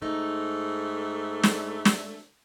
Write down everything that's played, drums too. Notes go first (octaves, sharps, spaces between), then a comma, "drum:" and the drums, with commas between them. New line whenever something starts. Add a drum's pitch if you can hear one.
G#2 A3 D#4
drum: snare
drum: snare